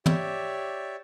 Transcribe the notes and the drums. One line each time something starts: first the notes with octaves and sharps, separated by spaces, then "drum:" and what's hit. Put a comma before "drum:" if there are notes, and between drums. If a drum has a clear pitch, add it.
G4 C#5 D5 E5, drum: tom